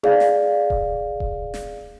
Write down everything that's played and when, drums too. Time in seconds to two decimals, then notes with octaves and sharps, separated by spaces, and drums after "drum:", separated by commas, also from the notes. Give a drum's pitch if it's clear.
0.03 G#4 D5 F5, drum: tom D#4
0.20 drum: snare
0.70 drum: kick D#1
1.20 drum: kick D#1
1.54 drum: snare